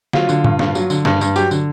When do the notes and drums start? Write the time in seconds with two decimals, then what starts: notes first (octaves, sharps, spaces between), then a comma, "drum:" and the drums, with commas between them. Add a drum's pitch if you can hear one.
0.13 F#3 F4, drum: snare
0.29 D3, drum: tambourine
0.44 G2, drum: tom
0.59 G2, drum: snare
0.75 F#3, drum: tambourine
0.90 D3, drum: tambourine
1.05 G2, drum: snare
1.21 G2, drum: tambourine
1.36 F#3 G4, drum: tambourine
1.51 D3, drum: tambourine